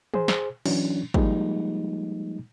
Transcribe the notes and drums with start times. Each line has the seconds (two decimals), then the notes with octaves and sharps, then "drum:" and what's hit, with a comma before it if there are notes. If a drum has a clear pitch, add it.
0.14 G#4 C5, drum: tom
0.28 drum: snare
0.66 E3 F#3 C#4 D4, drum: cymbal
1.14 F3 G3 G#3 A#3 D#4, drum: kick